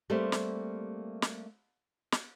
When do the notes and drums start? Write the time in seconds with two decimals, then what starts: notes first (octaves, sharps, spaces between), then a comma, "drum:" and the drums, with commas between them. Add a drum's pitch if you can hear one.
0.10 G3 A3 A#3 C4 G4 C5
0.32 drum: snare
1.22 drum: snare
2.12 drum: snare